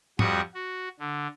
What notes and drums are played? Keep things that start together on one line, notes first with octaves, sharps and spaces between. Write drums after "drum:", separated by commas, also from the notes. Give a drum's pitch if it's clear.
F2 G3 F#4 C#6 D#6, drum: tom
F#4
D3